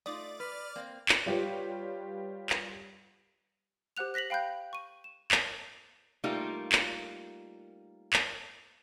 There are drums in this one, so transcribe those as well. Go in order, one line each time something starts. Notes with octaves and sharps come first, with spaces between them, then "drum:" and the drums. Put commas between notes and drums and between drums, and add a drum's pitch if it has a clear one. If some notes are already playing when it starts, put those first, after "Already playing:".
A3 D#4 F4 D5 D6 D#6
B4 F6
A#3 C4
drum: clap
G3 F4 G4 B4 C#5
drum: clap
G4 C5 F#5 F#6 F7
F#6 A#6 B6 F7 F#7
F5 G5 B5 F#6 G6
C#6 D#7
E7
drum: clap
G3 A3 A#3 D#4 F4
drum: clap
drum: clap